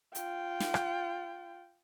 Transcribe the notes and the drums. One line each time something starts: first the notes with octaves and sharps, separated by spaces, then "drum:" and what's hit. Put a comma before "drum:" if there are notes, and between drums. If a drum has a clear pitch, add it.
F4 G5, drum: hi-hat
drum: snare
drum: rim click